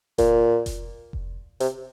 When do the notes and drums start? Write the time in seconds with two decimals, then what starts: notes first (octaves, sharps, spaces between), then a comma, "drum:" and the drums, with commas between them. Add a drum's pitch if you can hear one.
0.18 A#2, drum: kick F1, hi-hat
0.66 drum: kick F1, hi-hat
1.13 drum: kick F1
1.60 C3, drum: hi-hat